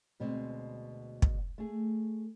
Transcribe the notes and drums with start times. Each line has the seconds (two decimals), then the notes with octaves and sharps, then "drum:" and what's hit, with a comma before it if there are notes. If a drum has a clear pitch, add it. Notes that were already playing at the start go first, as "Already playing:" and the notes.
0.20 D2 B2 G#3 C4
1.22 drum: kick
1.58 A3 G#4